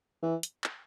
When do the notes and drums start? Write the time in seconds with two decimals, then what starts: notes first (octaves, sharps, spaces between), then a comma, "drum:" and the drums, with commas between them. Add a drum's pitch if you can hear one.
0.23 E3
0.43 drum: hi-hat
0.64 drum: clap